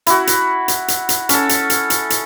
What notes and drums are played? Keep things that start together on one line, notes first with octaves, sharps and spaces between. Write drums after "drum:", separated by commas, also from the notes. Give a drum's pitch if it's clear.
E4 F#4, drum: hi-hat
drum: hi-hat
drum: hi-hat
drum: hi-hat
drum: hi-hat
C#4 A4, drum: hi-hat
drum: hi-hat
drum: hi-hat
drum: hi-hat
drum: hi-hat